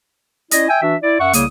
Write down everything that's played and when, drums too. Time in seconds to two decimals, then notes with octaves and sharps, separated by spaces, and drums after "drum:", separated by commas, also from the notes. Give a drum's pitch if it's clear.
0.51 C#4 E4 D5 D#5, drum: hi-hat
0.68 E5 G5 G#5
0.82 E3 D4 F#4 E5
1.02 E4 D5
1.20 F#2 E5 F#5 C#6
1.33 C2 C#3 A#3 C#5 D#6, drum: hi-hat